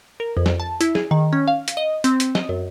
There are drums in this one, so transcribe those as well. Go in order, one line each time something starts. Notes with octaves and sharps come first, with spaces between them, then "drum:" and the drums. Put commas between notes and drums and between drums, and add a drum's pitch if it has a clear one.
A#4
F2
drum: snare
A5
E4, drum: hi-hat
G#4, drum: snare
D#3
C#4
F5
drum: hi-hat
D#5
C4, drum: hi-hat
drum: hi-hat
D#5, drum: snare
F#2